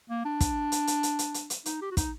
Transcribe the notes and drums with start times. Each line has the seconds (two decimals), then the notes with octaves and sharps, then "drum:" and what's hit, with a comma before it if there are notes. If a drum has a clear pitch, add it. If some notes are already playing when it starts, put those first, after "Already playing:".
0.10 A#3
0.25 D4
0.40 drum: kick, hi-hat
0.72 drum: hi-hat
0.87 drum: hi-hat
1.03 drum: hi-hat
1.19 drum: hi-hat
1.34 drum: hi-hat
1.50 drum: hi-hat
1.66 D#4, drum: hi-hat
1.81 G4
1.91 F#4
1.97 D#4, drum: kick, hi-hat